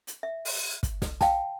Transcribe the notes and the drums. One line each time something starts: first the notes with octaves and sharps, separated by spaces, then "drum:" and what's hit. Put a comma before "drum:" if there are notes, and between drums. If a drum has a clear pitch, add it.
drum: hi-hat
E5
drum: open hi-hat
drum: kick, hi-hat
drum: snare
F5 G5 A5, drum: snare